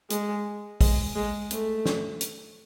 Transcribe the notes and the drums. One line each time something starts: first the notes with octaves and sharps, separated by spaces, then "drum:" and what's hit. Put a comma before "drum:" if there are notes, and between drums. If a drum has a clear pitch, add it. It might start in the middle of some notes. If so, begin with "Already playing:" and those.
G#3, drum: hi-hat
G#3, drum: kick, open hi-hat
G#3
A3, drum: hi-hat
drum: snare
drum: hi-hat